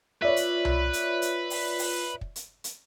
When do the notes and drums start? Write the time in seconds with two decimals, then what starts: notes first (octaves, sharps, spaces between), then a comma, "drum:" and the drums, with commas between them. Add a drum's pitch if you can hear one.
0.22 F4 B4 C#5 D5 E5
0.36 drum: hi-hat
0.65 drum: tom C2
0.93 drum: hi-hat
1.22 drum: hi-hat
1.50 drum: open hi-hat
1.79 drum: open hi-hat
2.21 drum: kick
2.36 drum: hi-hat
2.64 drum: hi-hat